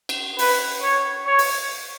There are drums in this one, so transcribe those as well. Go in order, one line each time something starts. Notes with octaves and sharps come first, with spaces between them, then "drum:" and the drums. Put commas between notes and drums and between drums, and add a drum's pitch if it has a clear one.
drum: cymbal
B4, drum: open hi-hat
C#5
C#5
drum: open hi-hat